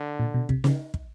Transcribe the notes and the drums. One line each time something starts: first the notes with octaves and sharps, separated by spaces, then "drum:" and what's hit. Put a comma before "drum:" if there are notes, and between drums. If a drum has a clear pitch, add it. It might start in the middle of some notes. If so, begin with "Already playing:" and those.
Already playing: D3
A#2
B2
C3, drum: kick
C#3, drum: snare
drum: kick